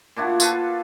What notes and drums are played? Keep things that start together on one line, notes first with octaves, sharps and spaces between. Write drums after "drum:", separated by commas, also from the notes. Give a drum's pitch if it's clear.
A#2 D4 E4 F#4
F4 A4 B4 F5, drum: tambourine